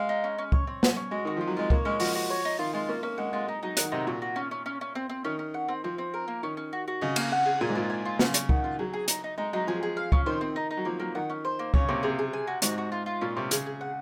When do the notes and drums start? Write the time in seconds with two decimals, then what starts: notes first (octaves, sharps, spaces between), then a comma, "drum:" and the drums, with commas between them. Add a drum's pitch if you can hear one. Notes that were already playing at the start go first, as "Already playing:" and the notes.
Already playing: G#3 F5
0.09 D#4
0.24 C#4
0.38 C#4
0.52 C#5, drum: kick
0.67 C4
0.83 G#5, drum: snare
0.96 C#4
1.11 G#3 F#4
1.25 D#3 F#4
1.37 F3 F4
1.47 F#3
1.57 G#3 F4
1.70 A#3 C#5, drum: kick
1.85 G#3 C#4
2.00 F3 F#4, drum: open hi-hat
2.15 F#4
2.30 C#5
2.45 D#4
2.59 D#3 F4
2.73 G#3 F4
2.89 A#3 C#4
3.03 A#3 C#4
3.18 G#3 F#5
3.33 G#3 F4
3.47 G#3 D#4
3.63 F#3 D#4
3.77 D#3 F#5, drum: hi-hat
3.92 C3 D#4
4.07 A#2 F#4
4.22 F#4
4.36 C#4
4.51 C#4
4.66 C#4
4.81 C#4
4.95 C4
5.09 C4
5.24 D#3 C#4
5.39 C#4
5.54 F#5
5.68 C4
5.84 F3 C4
5.98 C4
6.14 A#4
6.28 A#3
6.43 D#3 C#4
6.57 C#4
6.73 F#4
6.88 F#4
7.01 C#3 D#5
7.16 A#3, drum: cymbal
7.32 F#5
7.46 G#4
7.61 A#2 G#5
7.69 G#2
7.75 A#2 F4
7.90 G#5
8.05 F4
8.19 C#3 C#4, drum: snare
8.34 C#4, drum: hi-hat
8.49 D#3 F#5, drum: kick
8.64 F4
8.79 F#3 G#4
8.93 G#4
9.08 D#4, drum: hi-hat
9.24 D#4
9.38 G#3 D#4
9.53 F#3 D#4
9.67 F3 G#4
9.83 G#4
9.97 F5
10.12 C#4, drum: kick
10.26 D#3 C5
10.41 C4
10.56 D#4
10.71 D#4
10.77 F#3
10.85 F3 A#3
11.00 F#3 A#3
11.15 D#3 F#5
11.30 C#4
11.45 C5
11.59 A#3
11.74 C#3 C#5, drum: kick
11.88 C3 A#3
12.03 C3 G#4
12.19 G#4
12.33 G#5
12.47 F#4
12.62 G#2 F#4, drum: hi-hat
12.78 F#4
12.92 F4
13.06 F4
13.21 A#2 C#4
13.36 C3 C#4
13.51 C#3 G#4, drum: hi-hat
13.66 G#4
13.81 F#5